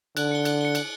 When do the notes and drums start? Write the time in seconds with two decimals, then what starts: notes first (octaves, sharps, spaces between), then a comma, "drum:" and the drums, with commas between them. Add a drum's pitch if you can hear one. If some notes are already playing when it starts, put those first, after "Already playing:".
0.17 D3 F#6, drum: cymbal
0.31 C#7 G7
0.45 F#6, drum: cymbal
0.61 C#7 G7
0.75 F#6, drum: cymbal